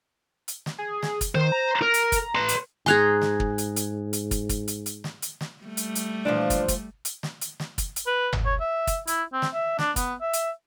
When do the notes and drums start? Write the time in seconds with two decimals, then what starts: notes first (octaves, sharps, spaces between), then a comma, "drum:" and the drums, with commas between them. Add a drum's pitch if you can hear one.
0.48 drum: hi-hat
0.66 drum: snare
0.78 G#4
1.03 drum: snare
1.21 drum: kick, hi-hat
1.35 D#3 C5
1.52 A#5
1.82 A#4
1.94 drum: hi-hat
2.12 drum: kick, hi-hat
2.35 B4 C6
2.49 drum: hi-hat
2.86 G#2 G#4 G#5 A#5 C6 F#6 G#6, drum: snare
3.22 drum: snare
3.40 drum: kick
3.58 drum: hi-hat
3.76 drum: hi-hat
4.13 drum: hi-hat
4.31 drum: kick, hi-hat
4.49 drum: kick, hi-hat
4.68 drum: hi-hat
4.86 drum: hi-hat
5.04 drum: snare
5.22 drum: hi-hat
5.41 drum: snare
5.63 G3 A3
5.77 drum: hi-hat
5.95 drum: hi-hat
6.25 A#2 E3 F3 D4
6.50 drum: kick, hi-hat
6.68 drum: kick, hi-hat
7.05 drum: hi-hat
7.23 drum: snare
7.41 drum: hi-hat
7.60 drum: snare
7.78 drum: kick, hi-hat
7.96 drum: hi-hat
8.07 B4
8.33 drum: tom G1
8.46 C#5
8.60 E5
8.87 drum: kick, hi-hat
9.07 E4, drum: hi-hat
9.33 C4
9.42 drum: snare
9.53 E5
9.79 D4, drum: snare
9.96 B3, drum: kick, hi-hat
10.21 E5
10.33 drum: hi-hat